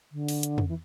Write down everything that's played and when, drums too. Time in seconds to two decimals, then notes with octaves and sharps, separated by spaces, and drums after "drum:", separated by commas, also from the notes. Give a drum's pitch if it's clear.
0.11 D3
0.28 drum: open hi-hat
0.43 drum: hi-hat
0.58 drum: tom
0.68 E3